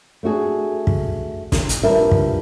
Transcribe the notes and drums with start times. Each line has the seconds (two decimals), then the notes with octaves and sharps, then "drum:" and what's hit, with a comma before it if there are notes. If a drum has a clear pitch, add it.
0.23 A3 D4 F#4 G#4
0.87 drum: kick
1.52 drum: snare
1.69 drum: hi-hat
1.83 E3 G3 D4 F4 A#4 E5
2.11 drum: kick